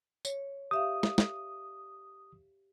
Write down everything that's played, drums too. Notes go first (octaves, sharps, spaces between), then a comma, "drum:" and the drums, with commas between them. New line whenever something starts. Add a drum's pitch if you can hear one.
C#5, drum: tambourine
G4 E5 F5 D#6
drum: snare
drum: snare